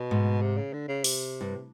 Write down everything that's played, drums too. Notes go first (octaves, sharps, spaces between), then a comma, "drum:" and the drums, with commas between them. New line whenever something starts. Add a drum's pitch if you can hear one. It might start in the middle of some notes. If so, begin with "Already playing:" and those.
Already playing: B2
G#2
C3
C#3
D3
C#3
C3, drum: open hi-hat
G2